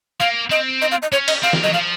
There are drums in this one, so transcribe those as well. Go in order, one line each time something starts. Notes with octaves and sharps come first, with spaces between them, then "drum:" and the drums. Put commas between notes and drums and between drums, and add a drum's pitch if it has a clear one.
A#3 F5
C4 D#5
D#5
F5
D#5
C#4 C#5
D#5, drum: cymbal
C4 F5
A#3, drum: snare
F#3 D#5
F3 F5